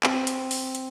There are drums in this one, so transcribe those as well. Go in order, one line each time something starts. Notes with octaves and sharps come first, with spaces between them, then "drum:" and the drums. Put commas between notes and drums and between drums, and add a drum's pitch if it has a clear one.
C4, drum: clap
drum: hi-hat
drum: open hi-hat
drum: hi-hat